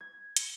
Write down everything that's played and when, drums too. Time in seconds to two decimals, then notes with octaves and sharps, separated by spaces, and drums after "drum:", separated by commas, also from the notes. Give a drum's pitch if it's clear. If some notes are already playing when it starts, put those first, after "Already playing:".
0.01 G#6
0.37 drum: hi-hat